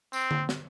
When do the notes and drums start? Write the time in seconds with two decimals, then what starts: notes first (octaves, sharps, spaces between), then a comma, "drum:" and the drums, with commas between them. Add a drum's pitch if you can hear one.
0.13 C4, drum: tambourine
0.31 drum: tom D3
0.49 drum: snare